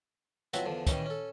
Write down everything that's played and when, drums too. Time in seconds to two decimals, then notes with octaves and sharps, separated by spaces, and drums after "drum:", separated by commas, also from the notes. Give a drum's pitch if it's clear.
0.53 F3 F#3 B3 C4 E4 F#4, drum: hi-hat
0.65 E2 D3 F3
0.87 D#3 E3 G3 C#4 D#4, drum: kick, hi-hat
1.06 C#4 A4